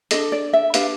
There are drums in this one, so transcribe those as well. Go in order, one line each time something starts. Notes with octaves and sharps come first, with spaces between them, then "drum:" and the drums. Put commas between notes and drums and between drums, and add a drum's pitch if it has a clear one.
D4 F4 A4 D#5, drum: hi-hat
D5
E5
D4 G4 B4 F5, drum: hi-hat